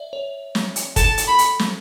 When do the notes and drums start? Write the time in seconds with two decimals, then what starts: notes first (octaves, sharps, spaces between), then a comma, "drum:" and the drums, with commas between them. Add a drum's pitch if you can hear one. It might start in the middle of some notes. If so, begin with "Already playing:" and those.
Already playing: D5 E5
0.13 C#5
0.55 drum: snare
0.76 drum: hi-hat
0.96 A4 A5, drum: kick, hi-hat
1.18 drum: hi-hat
1.28 B5
1.39 drum: hi-hat
1.59 drum: snare